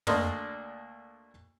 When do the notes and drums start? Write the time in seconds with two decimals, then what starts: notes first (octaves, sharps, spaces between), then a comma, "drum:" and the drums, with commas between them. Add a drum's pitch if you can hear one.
0.07 D2 A3 A#3 D4 D#5 C6, drum: tom